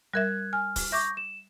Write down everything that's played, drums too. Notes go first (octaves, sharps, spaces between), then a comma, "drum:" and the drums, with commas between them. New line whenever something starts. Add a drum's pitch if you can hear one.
G3 A#4 E5 F#6 G#6
G#5 F6
drum: kick, open hi-hat
E5 C#6 D6 G6 A#6
E7